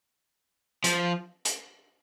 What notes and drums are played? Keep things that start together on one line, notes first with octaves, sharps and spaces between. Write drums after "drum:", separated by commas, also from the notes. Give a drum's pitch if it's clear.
F3, drum: hi-hat
drum: hi-hat